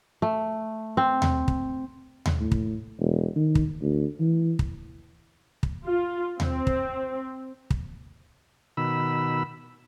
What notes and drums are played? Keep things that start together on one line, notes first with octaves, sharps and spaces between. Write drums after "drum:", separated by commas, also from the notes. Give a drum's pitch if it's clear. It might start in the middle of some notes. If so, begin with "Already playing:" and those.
A3
C4
drum: tom D#2
drum: kick
drum: tom D#2
A2
drum: kick
E1
D#3
drum: kick
D2
E3
drum: kick
drum: kick
F4
C4, drum: tom D#2
drum: kick
drum: kick
B2 D#3 B5 E6